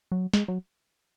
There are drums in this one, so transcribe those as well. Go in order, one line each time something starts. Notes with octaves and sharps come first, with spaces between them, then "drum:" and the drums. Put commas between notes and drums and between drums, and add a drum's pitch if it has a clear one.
F#3
G#3, drum: snare
F#3